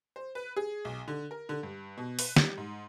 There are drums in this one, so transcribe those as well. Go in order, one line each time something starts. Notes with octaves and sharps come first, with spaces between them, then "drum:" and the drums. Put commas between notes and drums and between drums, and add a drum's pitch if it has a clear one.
C5
B4
G#4
B1
D3
A#4
D3
G2
B2
B4, drum: open hi-hat
G3, drum: snare
G#2